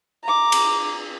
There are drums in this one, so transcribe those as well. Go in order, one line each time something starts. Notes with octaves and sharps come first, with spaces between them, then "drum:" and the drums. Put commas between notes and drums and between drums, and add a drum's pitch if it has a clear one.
A#5 D6
drum: cymbal